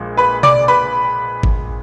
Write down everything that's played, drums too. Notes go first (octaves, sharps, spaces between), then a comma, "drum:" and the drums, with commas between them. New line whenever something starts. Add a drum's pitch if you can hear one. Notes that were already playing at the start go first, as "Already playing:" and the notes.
Already playing: A#1 A#2 F3 G#3
B4 B5
D5 D6, drum: tom B2
B4 B5
drum: kick G#1